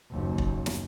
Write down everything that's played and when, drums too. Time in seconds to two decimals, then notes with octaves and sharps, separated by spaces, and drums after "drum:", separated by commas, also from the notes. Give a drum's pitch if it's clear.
0.11 F#1 D#2
0.38 drum: kick
0.66 drum: snare